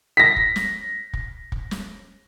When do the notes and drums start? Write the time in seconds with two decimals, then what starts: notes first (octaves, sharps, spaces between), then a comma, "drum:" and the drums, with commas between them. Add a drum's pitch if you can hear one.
0.17 A#6 B6
0.36 drum: kick
0.56 drum: snare
1.13 drum: kick
1.52 drum: kick
1.71 drum: snare